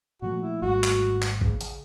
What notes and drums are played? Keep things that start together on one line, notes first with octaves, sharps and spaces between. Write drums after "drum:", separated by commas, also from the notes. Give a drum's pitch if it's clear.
A#2 F3 A3 F#4
E4
G#1 G3 A3 F#4
drum: clap
drum: clap
C#3, drum: kick A1
drum: hi-hat